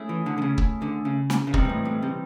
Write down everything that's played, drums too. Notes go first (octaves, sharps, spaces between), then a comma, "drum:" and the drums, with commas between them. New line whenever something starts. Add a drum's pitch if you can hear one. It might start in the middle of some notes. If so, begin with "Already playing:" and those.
Already playing: A3 C#4 E4 G#4
E3
D3
D3
C#3
drum: kick
D3
C#3
drum: snare
C#3
C3 E3 G3 C4 D#4, drum: kick
G#2
A2
A2
C3